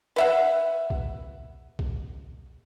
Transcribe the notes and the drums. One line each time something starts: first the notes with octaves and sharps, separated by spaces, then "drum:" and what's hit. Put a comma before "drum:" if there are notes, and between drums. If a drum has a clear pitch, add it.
B4 E5 F#5
drum: kick B1
drum: kick B1